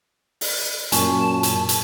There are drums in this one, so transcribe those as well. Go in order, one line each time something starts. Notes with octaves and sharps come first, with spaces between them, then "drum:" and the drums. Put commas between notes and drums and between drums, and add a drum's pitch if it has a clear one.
drum: open hi-hat
F#2 A#2 G#5 A5 C#6, drum: hi-hat
drum: hi-hat
drum: hi-hat